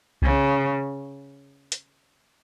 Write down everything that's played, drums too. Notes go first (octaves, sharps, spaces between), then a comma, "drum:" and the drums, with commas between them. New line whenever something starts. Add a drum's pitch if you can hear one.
C#3, drum: kick C2
drum: hi-hat